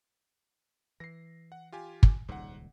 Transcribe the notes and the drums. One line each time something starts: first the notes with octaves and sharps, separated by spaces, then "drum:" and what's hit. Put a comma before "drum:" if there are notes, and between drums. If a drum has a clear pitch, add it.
E3 A#6 C7
F#5
F4 G4 G#5
drum: kick
D#1 C#2 G#2 G3 F#5